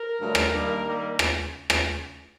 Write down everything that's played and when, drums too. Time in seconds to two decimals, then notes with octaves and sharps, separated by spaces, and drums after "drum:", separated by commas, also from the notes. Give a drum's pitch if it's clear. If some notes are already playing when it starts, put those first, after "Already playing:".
Already playing: A#4
0.19 G2 D3 F#3 A3
0.35 drum: rim click
0.52 G2 D#3 G3 A#3
0.86 G2 D#3 G3 A#3
1.19 drum: rim click
1.70 drum: rim click